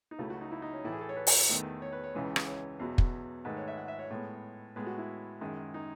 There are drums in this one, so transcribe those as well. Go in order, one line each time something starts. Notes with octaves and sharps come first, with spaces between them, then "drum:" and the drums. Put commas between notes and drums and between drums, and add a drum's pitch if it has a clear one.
D#4
C#2 C#3 F#3 A3 E4
F#4
D#4
E4
D#4
C#4
A2 E3 A3 E4
G#4
A4
C#5
B4
drum: open hi-hat
E2 D#3 A3
C#5
B4
C#5
C#2 C#3 E3 G#3
drum: rim click
C#5
E2 B2 F#3
drum: kick
G#2 D#3 A3 B4
C#5
E5
F#5
E5
C#5
A2 G#3 B3
A2 G#3 B3
F#4
E4
F#2 D#3 G#3
D#4